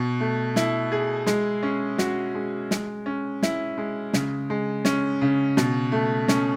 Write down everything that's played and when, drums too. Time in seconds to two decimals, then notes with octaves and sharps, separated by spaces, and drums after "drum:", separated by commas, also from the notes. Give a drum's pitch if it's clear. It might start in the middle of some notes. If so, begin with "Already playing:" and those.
Already playing: B2
0.20 A3
0.56 E4, drum: snare
0.92 G#4
1.27 G#3, drum: snare
1.63 C#4
1.98 F#4, drum: snare
2.35 G#3
2.71 G#3, drum: snare
3.06 C#4
3.43 E4, drum: snare
3.78 G#3
4.13 C#3, drum: snare
4.50 G#3
4.85 C#4, drum: snare
5.21 C#3
5.57 B2, drum: snare
5.92 A3
6.28 C#4, drum: snare